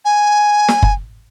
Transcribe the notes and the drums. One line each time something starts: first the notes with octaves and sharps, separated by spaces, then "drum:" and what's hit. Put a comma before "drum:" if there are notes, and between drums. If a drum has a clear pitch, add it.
G#5
drum: snare
drum: kick F#1